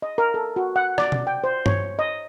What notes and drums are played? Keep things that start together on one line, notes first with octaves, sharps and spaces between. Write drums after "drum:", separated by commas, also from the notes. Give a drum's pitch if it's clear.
D#5
A#4
A4
F#4
F#5
D5, drum: rim click
drum: tom B2
G5
C5
C#5, drum: tom G2
D#5